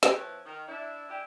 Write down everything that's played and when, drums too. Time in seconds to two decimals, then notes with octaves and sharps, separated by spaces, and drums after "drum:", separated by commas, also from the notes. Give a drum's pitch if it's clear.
0.03 C4 C#4 G4, drum: snare
0.16 F3 C4 E4 B4 C#5
0.46 D#3
0.68 D4 E4
1.09 G#3 D4 E4 G4